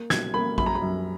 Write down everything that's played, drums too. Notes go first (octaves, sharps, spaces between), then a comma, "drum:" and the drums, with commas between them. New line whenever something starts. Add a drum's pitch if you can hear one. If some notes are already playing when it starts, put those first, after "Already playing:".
Already playing: A#3
B2 G#6, drum: snare
A#3 B5
F#2 B5, drum: kick A1
A#5
B5
F#2